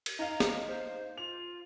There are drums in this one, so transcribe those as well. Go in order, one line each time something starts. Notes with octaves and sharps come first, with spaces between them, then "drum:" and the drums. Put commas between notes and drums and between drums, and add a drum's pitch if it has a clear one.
drum: cymbal
D#4 F5 A#5
drum: snare
C5
F4 F7